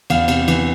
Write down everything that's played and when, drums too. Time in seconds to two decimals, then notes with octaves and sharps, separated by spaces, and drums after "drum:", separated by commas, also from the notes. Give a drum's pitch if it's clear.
0.10 E2 F5, drum: cymbal
0.28 C3, drum: cymbal
0.48 E3, drum: cymbal